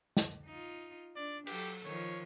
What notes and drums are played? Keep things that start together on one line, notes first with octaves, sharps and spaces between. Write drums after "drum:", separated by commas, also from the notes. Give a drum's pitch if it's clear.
drum: snare
D#4 F4
D4 D5
F#3 G4 A4, drum: cymbal
D#3 F3 C#5